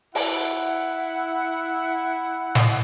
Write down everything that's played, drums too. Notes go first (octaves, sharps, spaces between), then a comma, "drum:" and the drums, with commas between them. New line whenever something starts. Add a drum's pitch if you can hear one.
E4 F#5, drum: open hi-hat
drum: snare